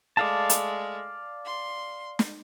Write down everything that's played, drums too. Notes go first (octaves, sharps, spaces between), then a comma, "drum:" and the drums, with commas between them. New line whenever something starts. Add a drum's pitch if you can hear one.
G#3 A3 D5 F5 A5
drum: hi-hat
C6
drum: snare